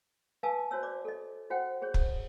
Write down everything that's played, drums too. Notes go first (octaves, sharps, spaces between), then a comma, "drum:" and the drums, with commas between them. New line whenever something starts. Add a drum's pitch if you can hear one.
B4 F5 G#5 A5 D#6 E6
F#4 C5 C#5 E6
D5 D6
A4 D#5
F#4 C5 F#5 G5
G#4 C5 C#5
drum: kick